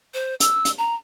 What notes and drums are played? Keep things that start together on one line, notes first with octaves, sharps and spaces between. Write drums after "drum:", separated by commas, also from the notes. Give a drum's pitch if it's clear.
C5
E6, drum: hi-hat
drum: hi-hat
A#5